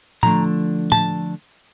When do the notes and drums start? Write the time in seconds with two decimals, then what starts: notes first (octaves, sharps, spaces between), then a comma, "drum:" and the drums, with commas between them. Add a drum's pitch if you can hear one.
0.23 D3 F3 A3 D4 A#5, drum: tom
0.92 A5, drum: tom